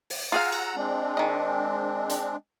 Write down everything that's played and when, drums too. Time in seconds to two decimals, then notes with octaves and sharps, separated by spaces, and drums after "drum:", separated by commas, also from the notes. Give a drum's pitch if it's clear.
0.10 drum: open hi-hat
0.32 F4 G#4 F5 F#5 A#5 E6
0.52 drum: cymbal
0.76 G#3 C4 D4
1.17 D#3 D#5
2.10 drum: hi-hat